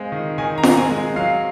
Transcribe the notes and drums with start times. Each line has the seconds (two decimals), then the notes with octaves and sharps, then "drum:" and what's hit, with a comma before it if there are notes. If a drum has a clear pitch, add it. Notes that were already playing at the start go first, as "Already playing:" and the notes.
Already playing: G#3 C4 F5
0.12 D#3
0.38 D#3 G#5
0.58 A#5
0.63 C4, drum: snare
0.77 G#5
0.90 G#3
1.16 F#3 F5